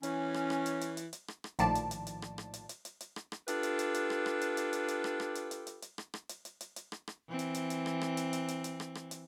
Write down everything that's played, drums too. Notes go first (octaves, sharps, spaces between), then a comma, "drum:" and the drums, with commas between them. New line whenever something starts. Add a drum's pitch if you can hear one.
E3 C#4, drum: hi-hat
drum: rim click
drum: rim click
drum: hi-hat
drum: hi-hat
drum: hi-hat
drum: hi-hat
drum: rim click
drum: rim click
A#1 A2 D#3 F3 D5 A5, drum: hi-hat
drum: hi-hat
drum: hi-hat
drum: hi-hat
drum: rim click
drum: rim click
drum: hi-hat
drum: hi-hat
drum: hi-hat
drum: hi-hat
drum: rim click
drum: rim click
D4 F4 G4 A4 B4, drum: hi-hat
drum: hi-hat
drum: hi-hat
drum: hi-hat
drum: rim click
drum: rim click
drum: hi-hat
drum: hi-hat
drum: hi-hat
drum: hi-hat
drum: rim click
drum: rim click
drum: hi-hat
drum: hi-hat
drum: hi-hat
drum: hi-hat
drum: rim click
drum: rim click
drum: hi-hat
drum: hi-hat
drum: hi-hat
drum: hi-hat
drum: rim click
drum: rim click
E3 C4
drum: hi-hat
drum: hi-hat
drum: hi-hat
drum: rim click
drum: rim click
drum: hi-hat
drum: hi-hat
drum: hi-hat
drum: hi-hat
drum: rim click
drum: rim click
drum: hi-hat